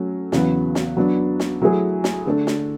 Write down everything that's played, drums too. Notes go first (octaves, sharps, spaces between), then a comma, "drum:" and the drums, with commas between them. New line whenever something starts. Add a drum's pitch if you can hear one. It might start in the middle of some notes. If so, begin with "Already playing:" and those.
Already playing: F#3 A3 C#4
E2 C#3 F#3 B3, drum: snare
drum: snare
F#3 B3 D4
drum: snare
F#3 A3 E4 G#4
drum: snare
D3 A3 D4 A4
drum: snare